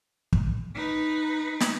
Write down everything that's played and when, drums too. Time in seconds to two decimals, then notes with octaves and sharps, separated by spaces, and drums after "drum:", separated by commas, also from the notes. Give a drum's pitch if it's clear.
0.33 drum: kick
0.75 D#4 B4
1.60 drum: snare